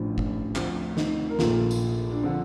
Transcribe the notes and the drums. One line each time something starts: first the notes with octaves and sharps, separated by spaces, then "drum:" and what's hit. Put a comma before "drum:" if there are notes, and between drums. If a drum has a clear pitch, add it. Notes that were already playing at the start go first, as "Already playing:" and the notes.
Already playing: A1 A2 F3 D4
drum: kick G1
D2 D3 F3 C4, drum: clap
C4 D#4, drum: snare
A#4
A#1 A#2 F3 F4 A4, drum: snare
drum: tambourine
D4
D3 F3 C4